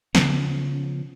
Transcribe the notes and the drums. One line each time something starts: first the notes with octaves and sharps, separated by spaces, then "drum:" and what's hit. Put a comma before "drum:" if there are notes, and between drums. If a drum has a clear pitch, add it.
C#3 F3 B3 C#4, drum: snare